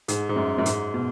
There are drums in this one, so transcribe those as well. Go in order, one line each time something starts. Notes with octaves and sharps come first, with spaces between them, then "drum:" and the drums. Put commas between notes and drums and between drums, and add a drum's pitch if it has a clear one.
G#2, drum: hi-hat
G#2
F#2
F#2
G#2, drum: hi-hat
B2